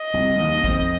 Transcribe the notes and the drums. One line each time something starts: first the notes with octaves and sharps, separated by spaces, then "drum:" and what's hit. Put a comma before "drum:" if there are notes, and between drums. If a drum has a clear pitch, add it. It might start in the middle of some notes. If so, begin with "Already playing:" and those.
Already playing: D#5
C2 C3
D#2 D#3
D#3
F2 F3, drum: kick, hi-hat